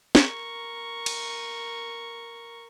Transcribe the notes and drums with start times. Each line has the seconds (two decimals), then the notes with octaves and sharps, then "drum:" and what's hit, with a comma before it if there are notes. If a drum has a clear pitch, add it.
0.15 A#4 C#6, drum: snare
1.06 drum: cymbal